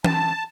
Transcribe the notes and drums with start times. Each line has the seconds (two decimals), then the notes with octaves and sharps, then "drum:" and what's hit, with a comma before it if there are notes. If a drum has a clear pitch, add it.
0.04 A5, drum: tom